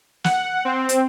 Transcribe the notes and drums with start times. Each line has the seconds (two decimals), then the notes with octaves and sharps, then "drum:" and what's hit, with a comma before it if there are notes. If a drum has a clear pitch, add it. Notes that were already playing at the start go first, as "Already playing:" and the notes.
0.24 F#5, drum: snare
0.65 C4
0.89 drum: hi-hat